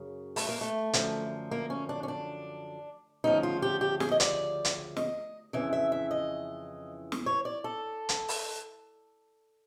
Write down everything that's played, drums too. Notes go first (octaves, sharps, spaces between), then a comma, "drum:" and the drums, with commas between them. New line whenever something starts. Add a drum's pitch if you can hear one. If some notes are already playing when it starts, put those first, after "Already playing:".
Already playing: F#2 C#3
A3, drum: open hi-hat
A#3
A3
F#2 D3 F3, drum: hi-hat
A#3
C#4
D4
C#4
D4
D2 C#3 F3 D#4
F4
G4
G4
G#4, drum: snare
D#5
D5, drum: hi-hat
drum: hi-hat
D#5, drum: snare
F2 C#3 E3 E5
E5
E5
D#5
drum: snare
C#5
D5
A4
drum: hi-hat
drum: open hi-hat